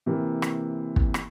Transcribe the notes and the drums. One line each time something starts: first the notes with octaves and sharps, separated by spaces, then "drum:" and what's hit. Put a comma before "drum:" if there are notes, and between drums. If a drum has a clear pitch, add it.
C3 E3 A#3
drum: rim click
drum: kick
drum: rim click